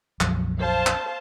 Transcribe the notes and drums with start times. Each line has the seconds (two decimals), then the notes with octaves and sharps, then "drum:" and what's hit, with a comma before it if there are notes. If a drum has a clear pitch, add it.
0.21 A#1 F2 F#3, drum: clap
0.59 C5 F5 A5
0.87 drum: clap